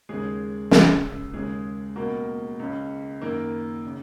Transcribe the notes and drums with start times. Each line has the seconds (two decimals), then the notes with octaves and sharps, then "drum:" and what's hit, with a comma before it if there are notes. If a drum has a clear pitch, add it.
0.09 D#2 C#3 G#3 G#4
0.71 F#2 C#3, drum: snare
1.33 D#2 C#3 G#3 G#4
1.96 C#2 B2 A#3 A#4
2.59 C#2 C#3
3.21 F#2 D#3 A#3 A#4
3.87 C#3